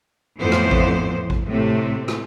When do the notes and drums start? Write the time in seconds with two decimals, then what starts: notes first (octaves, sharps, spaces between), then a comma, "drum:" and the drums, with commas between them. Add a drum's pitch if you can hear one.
0.40 F2 A2 E3 B3 C5
0.52 drum: rim click
0.71 drum: kick A1
1.30 drum: kick A1
1.49 A2 C3 A3
2.08 drum: rim click